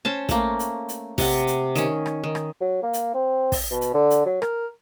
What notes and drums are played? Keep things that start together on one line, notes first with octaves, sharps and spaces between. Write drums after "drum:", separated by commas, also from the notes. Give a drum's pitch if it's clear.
C#4 C5 A5
A3 A#3, drum: kick, hi-hat
drum: hi-hat
drum: hi-hat
C3 F#5, drum: kick, open hi-hat
drum: hi-hat
D#3 C#4, drum: hi-hat
drum: rim click
D#3
drum: rim click
F#3
A#3
drum: hi-hat
C4
drum: kick, open hi-hat
B2
drum: hi-hat
D3
drum: hi-hat
F#3
A#4, drum: rim click